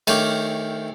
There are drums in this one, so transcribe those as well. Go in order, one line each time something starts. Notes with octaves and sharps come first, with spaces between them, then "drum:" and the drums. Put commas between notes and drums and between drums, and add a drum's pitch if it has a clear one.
D#3 A3 C#5 F5 G5 D6, drum: cymbal